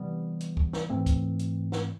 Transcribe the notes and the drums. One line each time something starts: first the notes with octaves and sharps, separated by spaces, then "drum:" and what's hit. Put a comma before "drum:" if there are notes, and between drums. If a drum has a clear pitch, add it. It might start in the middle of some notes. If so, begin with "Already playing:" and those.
Already playing: C3 E3 G3 B3
drum: hi-hat
drum: kick
drum: snare
G#2 E3 A3 C4
drum: kick, hi-hat
drum: hi-hat
drum: snare